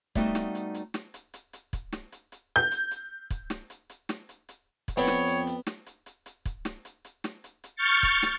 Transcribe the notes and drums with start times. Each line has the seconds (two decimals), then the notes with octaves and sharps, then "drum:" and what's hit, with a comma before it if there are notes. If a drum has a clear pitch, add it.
0.15 G3 A3 B3 C4 D#4 F#4, drum: kick, hi-hat
0.35 drum: snare
0.55 drum: hi-hat
0.74 drum: hi-hat
0.94 drum: snare
1.14 drum: hi-hat
1.34 drum: hi-hat
1.53 drum: hi-hat
1.73 drum: kick, hi-hat
1.93 drum: snare
2.12 drum: hi-hat
2.32 drum: hi-hat
2.56 G6
2.71 drum: hi-hat
2.91 drum: hi-hat
3.30 drum: kick, hi-hat
3.50 drum: snare
3.70 drum: hi-hat
3.90 drum: hi-hat
4.09 drum: snare
4.29 drum: hi-hat
4.49 drum: hi-hat
4.88 drum: kick, hi-hat
4.97 F2 B3 C4 C#5 D5 G5
5.08 drum: snare
5.27 drum: hi-hat
5.47 drum: hi-hat
5.67 drum: snare
5.86 drum: hi-hat
6.06 drum: hi-hat
6.26 drum: hi-hat
6.45 drum: kick, hi-hat
6.65 drum: snare
6.85 drum: hi-hat
7.05 drum: hi-hat
7.24 drum: snare
7.44 drum: hi-hat
7.64 drum: hi-hat
7.76 C#6 F6 G6 A6 C#7
8.03 drum: kick, hi-hat
8.23 drum: snare